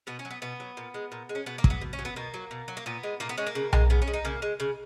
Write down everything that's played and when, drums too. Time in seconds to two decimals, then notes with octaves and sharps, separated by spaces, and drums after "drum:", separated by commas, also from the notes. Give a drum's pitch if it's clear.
0.07 B2 B3
0.19 C#4
0.25 F#3
0.31 B3
0.42 B2 B3
0.60 F#3
0.77 A#2
0.94 G#3
1.12 A#2
1.29 G#3
1.35 C#4
1.46 B2 B3
1.58 A#3
1.64 F#3, drum: kick
1.70 B3
1.81 B2
1.93 C#4
1.99 F#3
2.05 B3
2.16 B2 A#3
2.34 F#3
2.51 B2
2.68 F#3
2.77 A#3
2.86 A#2 B3
3.03 G#3
3.20 A#2 A#3
3.29 B3
3.37 G#3 C#4
3.47 A#3
3.55 C#3
3.73 G#3, drum: tom B1
3.90 C#3 B3
4.02 C#4
4.07 G#3
4.13 D#4
4.25 C#3 A#3
4.42 G#3
4.60 C#3